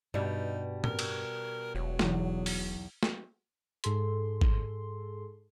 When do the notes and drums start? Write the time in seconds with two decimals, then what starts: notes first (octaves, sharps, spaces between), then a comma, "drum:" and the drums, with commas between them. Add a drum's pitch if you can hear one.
0.14 G2 B2 G3 D#4
0.84 A#4, drum: tom
0.99 drum: cymbal
1.75 E1 F#3
1.99 B1 E2, drum: snare
2.46 drum: open hi-hat
3.03 drum: snare
3.84 G#2 G#4 A4 C6, drum: hi-hat
4.41 drum: kick G#1